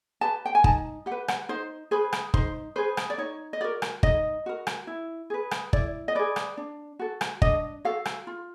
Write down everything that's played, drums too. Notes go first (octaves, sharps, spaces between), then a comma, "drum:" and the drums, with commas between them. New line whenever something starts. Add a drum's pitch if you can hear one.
G4 B4 A5
G5
G#5
D#4 A5, drum: kick G1
G4 F#5
B4
F#5, drum: rim click
D#4 C5
G#4 B4 C5
drum: rim click
D#4 C5, drum: kick G1
G#4 B4 C5
drum: rim click
D5
D#4 C#5
D#5
F#4 A#4 D5
drum: rim click
D#4 D#5, drum: kick G1
F#4 A#4
drum: rim click
E4
G#4 B4
drum: rim click
E4 D5, drum: kick G1
D#5
G#4 B4 D5
drum: rim click
D4
F#4 A4
drum: rim click
D4 D#5, drum: kick G1
F#4 A4 F5
drum: rim click
F4